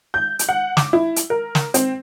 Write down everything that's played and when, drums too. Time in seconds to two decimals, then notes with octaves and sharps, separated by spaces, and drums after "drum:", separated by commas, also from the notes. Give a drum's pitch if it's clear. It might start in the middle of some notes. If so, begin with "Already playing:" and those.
0.14 G6
0.39 drum: hi-hat
0.49 F#5
0.77 D6, drum: snare
0.93 E4
1.16 drum: hi-hat
1.30 A#4
1.55 drum: snare
1.74 C4, drum: hi-hat